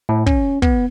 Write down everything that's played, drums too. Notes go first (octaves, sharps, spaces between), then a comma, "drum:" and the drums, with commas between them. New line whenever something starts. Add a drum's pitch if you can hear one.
A2
C#4, drum: kick
B3, drum: kick